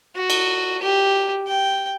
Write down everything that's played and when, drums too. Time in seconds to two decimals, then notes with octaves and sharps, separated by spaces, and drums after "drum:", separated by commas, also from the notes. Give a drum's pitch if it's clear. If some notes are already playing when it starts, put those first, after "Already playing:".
0.15 F#4
0.30 drum: cymbal
0.82 G4
1.47 G5